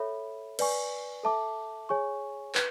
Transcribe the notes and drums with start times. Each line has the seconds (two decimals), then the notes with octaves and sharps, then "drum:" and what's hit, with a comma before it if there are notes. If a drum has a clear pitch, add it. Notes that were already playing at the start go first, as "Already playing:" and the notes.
Already playing: A4 C#5 E5 B5
0.59 B4 D5 G#5 C#6, drum: cymbal
1.23 A4 E5 A5 D6
1.89 G#4 C#5 G#5 C#6
2.55 B4, drum: clap